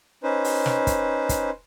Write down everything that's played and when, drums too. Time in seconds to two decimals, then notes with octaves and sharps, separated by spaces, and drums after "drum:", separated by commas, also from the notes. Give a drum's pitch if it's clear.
0.23 C#4 D#4 B4 C5
0.44 drum: open hi-hat
0.66 drum: snare
0.87 drum: kick, hi-hat
1.29 drum: kick, hi-hat